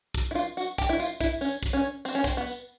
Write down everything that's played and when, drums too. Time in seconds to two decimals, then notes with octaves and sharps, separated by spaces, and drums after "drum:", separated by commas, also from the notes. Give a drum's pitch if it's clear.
0.14 drum: kick, tambourine
0.31 E4
0.35 F4, drum: tambourine
0.57 F#4, drum: tambourine
0.78 G4, drum: kick, tambourine
0.89 E4
1.00 F4, drum: tambourine
1.20 E4, drum: kick, tambourine
1.41 C#4, drum: tambourine
1.63 drum: kick, tambourine
1.73 C#4
2.05 C4, drum: tambourine
2.15 C#4
2.24 C4, drum: kick, tambourine
2.37 B3
2.47 drum: tambourine